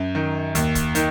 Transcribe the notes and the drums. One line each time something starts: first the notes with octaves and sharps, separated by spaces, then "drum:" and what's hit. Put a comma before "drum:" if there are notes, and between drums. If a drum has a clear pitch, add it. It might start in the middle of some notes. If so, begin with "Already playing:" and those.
Already playing: F#2
D#3
D#2, drum: hi-hat
drum: kick, hi-hat
D#3, drum: hi-hat